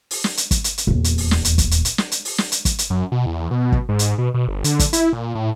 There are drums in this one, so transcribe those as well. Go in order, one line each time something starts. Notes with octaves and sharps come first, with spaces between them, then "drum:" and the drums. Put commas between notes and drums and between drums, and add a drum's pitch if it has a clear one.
drum: open hi-hat
drum: snare
drum: hi-hat
drum: kick, hi-hat
drum: hi-hat
drum: hi-hat
D#1 E2
drum: hi-hat
drum: open hi-hat
drum: snare
drum: hi-hat
drum: kick, hi-hat
drum: hi-hat
drum: hi-hat
drum: snare
drum: hi-hat
drum: open hi-hat
drum: snare
drum: hi-hat
drum: kick, hi-hat
drum: hi-hat
F#2
B2
E2
B2
drum: kick
G#2
drum: hi-hat
B2
B2
G1
D3, drum: hi-hat
drum: kick, hi-hat
E4, drum: hi-hat
A#2
A2